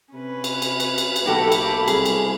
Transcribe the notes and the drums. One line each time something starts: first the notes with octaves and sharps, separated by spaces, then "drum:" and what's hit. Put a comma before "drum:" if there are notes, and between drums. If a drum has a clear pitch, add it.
C3 C#4 B4
drum: cymbal
drum: cymbal
drum: cymbal
drum: cymbal
drum: cymbal
B1 A#3 F#4 G4 A4 B5
drum: cymbal
C2 G#4, drum: cymbal
drum: cymbal